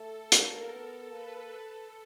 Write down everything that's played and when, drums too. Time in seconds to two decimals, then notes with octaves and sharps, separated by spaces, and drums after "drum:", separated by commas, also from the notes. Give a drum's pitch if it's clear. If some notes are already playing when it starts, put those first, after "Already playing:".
Already playing: A3 A4
0.32 A#3 A#4, drum: hi-hat
0.72 B3 A4
1.12 A#3 B4
1.52 A4